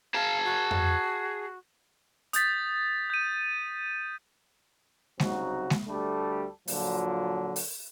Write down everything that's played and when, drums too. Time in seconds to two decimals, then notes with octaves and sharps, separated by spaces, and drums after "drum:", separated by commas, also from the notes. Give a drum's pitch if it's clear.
0.14 G#4 F5 A5
0.45 F#4
0.71 drum: tom F2
2.33 D#6 G6 A6 B6, drum: hi-hat
3.10 G6 D#7
5.20 C2 C#3 F#3 C4 D#4 F#4, drum: snare G#3
5.70 drum: snare G#3
5.88 D2 G3 A3 D4 G4 A4
6.68 A#2 D3 F3 F#3, drum: open hi-hat
7.56 drum: open hi-hat